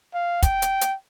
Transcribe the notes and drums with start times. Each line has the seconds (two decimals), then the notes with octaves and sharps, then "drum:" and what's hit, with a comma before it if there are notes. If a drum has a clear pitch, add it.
0.14 F5
0.43 G5, drum: kick, hi-hat
0.62 drum: hi-hat
0.81 drum: hi-hat